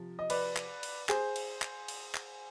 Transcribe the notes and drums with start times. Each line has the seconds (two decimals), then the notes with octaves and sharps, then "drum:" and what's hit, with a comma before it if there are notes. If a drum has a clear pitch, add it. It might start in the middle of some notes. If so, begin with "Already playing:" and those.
Already playing: C3 F3
0.19 D#5
0.30 B4 D5, drum: cymbal
0.57 drum: clap
0.83 drum: cymbal
1.09 G#4 C5, drum: clap
1.36 drum: cymbal
1.62 drum: clap
1.88 drum: cymbal
2.15 drum: clap